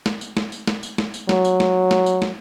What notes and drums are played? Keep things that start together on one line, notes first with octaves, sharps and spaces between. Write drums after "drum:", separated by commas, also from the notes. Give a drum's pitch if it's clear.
drum: snare
drum: tambourine
drum: snare
drum: tambourine
drum: snare
drum: tambourine
drum: snare
drum: tambourine
F#3, drum: snare
drum: tambourine
drum: snare
drum: snare
drum: tambourine
drum: snare